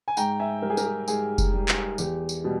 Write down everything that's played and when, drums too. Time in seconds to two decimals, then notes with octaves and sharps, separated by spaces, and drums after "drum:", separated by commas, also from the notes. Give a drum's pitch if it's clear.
0.08 G#5
0.17 G#2 G5 A#5, drum: tambourine
0.39 E5 G#5
0.62 G3 A#4
0.70 G#4
0.77 G4 A#4, drum: tambourine
0.85 G#4
1.08 G#2 G#4, drum: tambourine
1.38 drum: kick F1, tambourine
1.53 G3
1.68 drum: clap
1.98 E2 G4, drum: tambourine
2.29 drum: tambourine
2.44 B2 G3